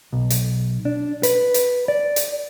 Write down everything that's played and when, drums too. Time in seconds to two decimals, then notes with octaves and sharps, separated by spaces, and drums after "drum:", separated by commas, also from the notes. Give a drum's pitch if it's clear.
0.13 B1
0.30 drum: hi-hat
0.85 D4
1.23 B4, drum: hi-hat
1.54 drum: hi-hat
1.88 D5
2.16 drum: hi-hat